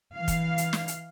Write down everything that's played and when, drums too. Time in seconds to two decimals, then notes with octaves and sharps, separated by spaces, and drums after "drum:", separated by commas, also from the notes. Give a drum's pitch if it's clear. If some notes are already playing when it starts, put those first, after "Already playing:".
0.13 E3 F5
0.28 drum: kick, hi-hat
0.58 drum: hi-hat
0.73 drum: snare
0.88 drum: hi-hat